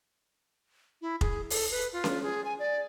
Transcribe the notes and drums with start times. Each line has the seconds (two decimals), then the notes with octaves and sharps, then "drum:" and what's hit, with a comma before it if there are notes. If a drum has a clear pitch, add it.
1.02 E4
1.21 G#4, drum: kick F1
1.50 A4, drum: open hi-hat
1.71 B4
1.93 F4
2.04 drum: snare C#4
2.22 G#4
2.45 G#5
2.59 D5